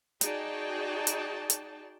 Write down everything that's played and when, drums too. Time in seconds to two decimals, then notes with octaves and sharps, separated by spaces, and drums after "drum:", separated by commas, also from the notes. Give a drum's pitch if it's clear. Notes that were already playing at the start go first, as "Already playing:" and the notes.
0.21 D#4 F#4 G#4 D5 G5 A5, drum: hi-hat
1.07 drum: hi-hat
1.50 drum: hi-hat